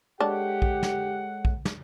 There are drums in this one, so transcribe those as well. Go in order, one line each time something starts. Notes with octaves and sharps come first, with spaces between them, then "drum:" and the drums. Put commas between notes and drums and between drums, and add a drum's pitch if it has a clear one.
G#3 D4 G4 A4 C#5 F#5
drum: kick A#1
drum: snare
drum: kick A#1
drum: snare